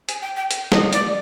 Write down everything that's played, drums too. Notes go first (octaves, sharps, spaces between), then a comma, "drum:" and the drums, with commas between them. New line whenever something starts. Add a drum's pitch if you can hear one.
G#5, drum: hi-hat
G5
G5
drum: hi-hat
D#5, drum: snare
D5, drum: hi-hat